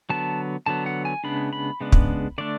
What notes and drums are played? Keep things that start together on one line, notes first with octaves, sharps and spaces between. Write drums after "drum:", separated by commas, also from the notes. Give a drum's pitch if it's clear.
D3 F#3 B3 A5
D3 F#3 B3 A5
F#5
G#5
C#3 G#3 B3 D4 B5
B5
C#3 G#3 B3 D4
drum: kick
D3 A3 D4 D5